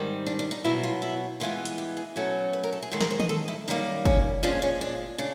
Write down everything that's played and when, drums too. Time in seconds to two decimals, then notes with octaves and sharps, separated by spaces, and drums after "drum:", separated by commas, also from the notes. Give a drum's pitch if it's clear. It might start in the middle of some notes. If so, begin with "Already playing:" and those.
Already playing: G#2 D#3 G3 C4
0.26 D4
0.39 D4
0.51 D#4
0.64 B2 F#3 B3 E4
0.83 F4
1.02 E4
1.40 G2 E3 G#3 B3 F4
1.65 drum: hi-hat
1.78 G4
1.97 G#4
2.16 B2 F#3 A3 C#4 A4
2.53 B4
2.63 A#4
2.73 A4
2.83 G#4
2.91 G#2 D#3 G#3 A4
3.00 A#4, drum: snare
3.10 C5
3.20 D#5, drum: tom D#3
3.29 A4
3.48 E4
3.68 F#2 D#3 G3 A#3 D#4
4.05 C#4, drum: kick
4.43 A#2 F3 G#3 C#4 D4
4.62 C#4
4.81 D4
5.18 C#3 D4